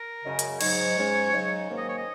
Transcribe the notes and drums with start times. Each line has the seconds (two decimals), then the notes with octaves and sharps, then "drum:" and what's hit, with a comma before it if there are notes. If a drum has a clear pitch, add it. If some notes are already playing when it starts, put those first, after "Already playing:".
Already playing: A#4
0.24 F#2 C#3 G#3 C#4
0.39 drum: hi-hat
0.61 G#2 F#3 D#4 C#5, drum: cymbal
0.97 G#2 G#3 C#4
1.33 C#3 F#3 D#4
1.70 G#2 D#3 A#3 C#4
1.78 D#5
1.88 C#5
1.97 D#5